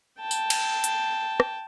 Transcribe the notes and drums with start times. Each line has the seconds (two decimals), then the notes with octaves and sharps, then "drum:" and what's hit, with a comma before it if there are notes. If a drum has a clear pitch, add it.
0.21 G5 A5
0.31 drum: tambourine
0.50 drum: cymbal
0.84 drum: hi-hat
1.40 drum: rim click